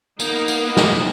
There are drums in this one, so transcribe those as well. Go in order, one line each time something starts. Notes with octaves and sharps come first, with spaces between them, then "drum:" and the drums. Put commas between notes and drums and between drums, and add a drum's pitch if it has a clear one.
A#3 B3 D#4, drum: tambourine
drum: tambourine
B3 D#4
drum: snare